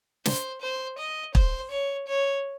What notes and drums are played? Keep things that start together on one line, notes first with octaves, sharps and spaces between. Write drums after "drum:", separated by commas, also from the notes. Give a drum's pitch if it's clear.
C5, drum: snare
C5
D#5
C5, drum: kick
C#5
C#5